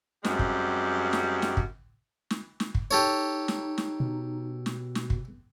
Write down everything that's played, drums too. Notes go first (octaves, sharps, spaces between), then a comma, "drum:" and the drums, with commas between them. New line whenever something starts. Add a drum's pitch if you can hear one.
F#2 G3 G#3 C4 G4, drum: snare
drum: kick
drum: snare
drum: snare
drum: kick
drum: snare
drum: snare
drum: kick
D#4 G4 A4 C#5
drum: snare
drum: snare
B2
drum: snare
drum: snare
drum: kick